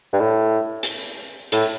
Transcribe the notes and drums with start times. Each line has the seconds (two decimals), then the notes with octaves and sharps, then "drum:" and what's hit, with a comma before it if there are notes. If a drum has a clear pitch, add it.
0.13 G2
0.20 A2
0.83 drum: hi-hat
1.52 A2, drum: hi-hat